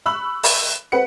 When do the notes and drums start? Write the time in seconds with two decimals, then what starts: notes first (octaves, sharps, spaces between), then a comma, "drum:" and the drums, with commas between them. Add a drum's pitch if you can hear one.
0.06 B5 C#6 E6 F#6 F#7
0.43 drum: open hi-hat
0.92 C4 B4 F#5 C#7